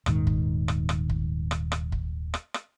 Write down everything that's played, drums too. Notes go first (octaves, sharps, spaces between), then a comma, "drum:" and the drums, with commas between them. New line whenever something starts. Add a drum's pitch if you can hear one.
D#1 G#2 D#3, drum: rim click
drum: kick
drum: rim click
drum: rim click
drum: kick
drum: rim click
drum: rim click
drum: kick
drum: rim click
drum: rim click